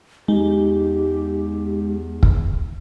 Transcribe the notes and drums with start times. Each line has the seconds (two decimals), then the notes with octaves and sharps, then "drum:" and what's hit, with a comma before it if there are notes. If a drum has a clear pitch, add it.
0.28 E2 G#3 D#4 G4
2.23 drum: kick